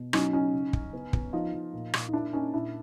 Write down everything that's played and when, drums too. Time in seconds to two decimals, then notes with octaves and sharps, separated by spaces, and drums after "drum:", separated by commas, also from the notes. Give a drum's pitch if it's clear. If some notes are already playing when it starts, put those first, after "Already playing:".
Already playing: B2
0.13 F#3 C#4 D#4, drum: rim click
0.33 C#3 C#4 D#4
0.53 C#3
0.73 C#3, drum: kick
0.93 B3
1.13 B3, drum: kick
1.33 F3 D#4 F4
1.53 F3
1.73 A#2
1.94 A#2, drum: rim click
2.08 D#4
2.13 A#3 D4 E4
2.33 A#3 C#4 D#4
2.53 A#2 D4 E4